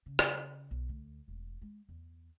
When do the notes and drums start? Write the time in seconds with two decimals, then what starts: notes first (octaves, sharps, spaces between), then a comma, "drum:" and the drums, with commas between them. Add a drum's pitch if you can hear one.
0.06 C#3
0.19 drum: rim click
0.71 B1
0.89 D2
1.28 E1
1.61 G#3
1.89 E2